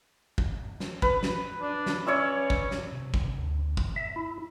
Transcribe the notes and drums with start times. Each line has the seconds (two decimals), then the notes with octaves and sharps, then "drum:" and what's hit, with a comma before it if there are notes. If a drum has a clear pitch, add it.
0.38 drum: kick
0.80 drum: snare
1.02 B4, drum: kick
1.23 drum: snare
1.62 D4
1.86 drum: snare
2.07 C#4 C#5 D5 E5
2.50 drum: kick
2.71 drum: snare
2.92 C3
3.14 drum: kick
3.37 D2
3.77 drum: kick
3.96 E5
4.16 E4